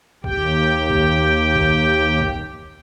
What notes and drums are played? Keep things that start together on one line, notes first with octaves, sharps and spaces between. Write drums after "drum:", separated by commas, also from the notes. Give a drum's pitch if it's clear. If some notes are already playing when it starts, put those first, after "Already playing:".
D#2 G4 G5, drum: kick B1
drum: kick B1
drum: kick B1
drum: kick B1